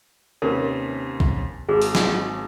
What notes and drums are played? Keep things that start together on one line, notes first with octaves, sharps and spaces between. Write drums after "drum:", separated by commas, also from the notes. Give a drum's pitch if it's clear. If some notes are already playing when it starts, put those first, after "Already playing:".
D#2 C3 C#4 A#4 B4
drum: kick
G#1 G#4
drum: open hi-hat
drum: snare